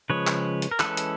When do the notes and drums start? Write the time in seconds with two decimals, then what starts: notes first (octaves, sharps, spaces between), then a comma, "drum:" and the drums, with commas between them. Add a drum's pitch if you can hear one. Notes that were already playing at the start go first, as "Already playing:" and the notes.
0.09 C#3 F3 G#3 B4 C#5
0.27 drum: clap
0.62 drum: hi-hat
0.71 A#4
0.80 E3 G#3 C#4 A4 B4, drum: clap
0.97 drum: hi-hat